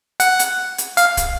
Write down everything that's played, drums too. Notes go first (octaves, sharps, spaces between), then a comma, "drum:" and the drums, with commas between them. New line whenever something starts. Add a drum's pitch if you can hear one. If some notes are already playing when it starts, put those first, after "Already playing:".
F#5, drum: hi-hat
drum: hi-hat
drum: hi-hat
F5, drum: hi-hat
drum: kick, hi-hat